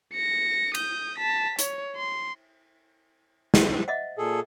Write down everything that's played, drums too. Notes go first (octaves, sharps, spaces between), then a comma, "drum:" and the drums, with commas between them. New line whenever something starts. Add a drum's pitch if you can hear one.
A#6 C#7
D#6 G6, drum: cymbal
A5 B6
C#5, drum: hi-hat
C6
drum: snare
C5
D#5 E5 F#5
A#2 G#4 A4